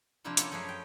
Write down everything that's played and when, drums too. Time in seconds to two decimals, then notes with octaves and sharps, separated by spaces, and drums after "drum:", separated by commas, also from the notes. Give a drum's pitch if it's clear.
0.24 C3 F3 A#3 D4 E4 F4
0.37 A#3 C#4 F4 A4 F#5, drum: hi-hat
0.52 F#2 F3 A3 G#4 B4 C#5
0.69 G5